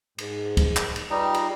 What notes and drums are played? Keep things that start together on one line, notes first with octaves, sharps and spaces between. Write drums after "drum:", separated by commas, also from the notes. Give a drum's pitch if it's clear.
G#2, drum: cymbal
drum: kick, cymbal
drum: clap
drum: cymbal
G3 D#4 F4 B4 G5
drum: cymbal